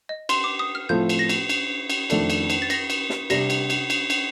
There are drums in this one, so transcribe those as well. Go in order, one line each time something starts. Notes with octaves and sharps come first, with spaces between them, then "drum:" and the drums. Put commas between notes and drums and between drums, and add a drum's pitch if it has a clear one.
D#5
C6, drum: cymbal
D6
D#6
F6
A2 F3 C4 F4 A4 G6
drum: cymbal
A#6
drum: cymbal
drum: cymbal
drum: cymbal
F2 D#3 A3 D4 A4, drum: cymbal
drum: cymbal
drum: cymbal
A6
A#6, drum: cymbal
drum: cymbal
drum: snare
C3 G3 D4 A#6, drum: cymbal
drum: cymbal
drum: cymbal
drum: cymbal
drum: cymbal